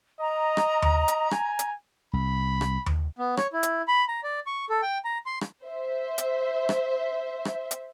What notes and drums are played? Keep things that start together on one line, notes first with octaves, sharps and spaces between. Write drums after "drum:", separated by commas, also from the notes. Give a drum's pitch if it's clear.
D#5 A#5
drum: rim click
drum: tom D#2
drum: hi-hat
G#5, drum: rim click
drum: hi-hat
C2 B5
drum: rim click
drum: tom D#2
B3
C#5, drum: rim click
E4
drum: hi-hat
B5
A#5
D5
C#6
A4
G5
A#5
C6
drum: rim click
C5 E5
drum: hi-hat
drum: rim click
drum: rim click
drum: hi-hat